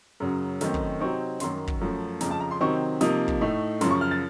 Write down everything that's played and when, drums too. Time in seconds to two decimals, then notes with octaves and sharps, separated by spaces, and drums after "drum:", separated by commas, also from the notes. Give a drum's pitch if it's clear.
0.20 F#2 C#3 F#3
0.61 F#2 D#3 A3 C4 D#4, drum: snare
0.74 drum: kick
1.00 C3 F#3 C4 D#4 C#6
1.40 F#2 D#3 F#3 C6, drum: snare
1.67 drum: kick
1.81 F#2 F3 A3
2.21 F2 C#3 F3 A#5, drum: snare
2.31 A5
2.40 A#5
2.51 C6
2.60 C3 D#3 F#3 C4 D#4 C#6
3.01 C3 F3 A#3 D#4 D#6, drum: snare
3.28 drum: kick
3.41 A2 A3 D#4
3.81 F#2 C#3 F3 C6, drum: snare
3.91 C#6
4.01 F6
4.11 A6